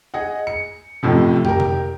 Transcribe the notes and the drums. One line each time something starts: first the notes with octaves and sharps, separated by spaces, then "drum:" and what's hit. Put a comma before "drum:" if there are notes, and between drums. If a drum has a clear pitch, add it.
G#4 D#5 F#5
C#7
A1 A2 C3 F3
G4 A#4, drum: tom
drum: tom